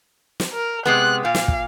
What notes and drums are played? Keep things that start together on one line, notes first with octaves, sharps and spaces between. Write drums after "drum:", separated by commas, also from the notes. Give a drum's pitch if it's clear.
drum: snare
A#4
C3 G#3 B3 F#6
A#2 F5
drum: snare
drum: kick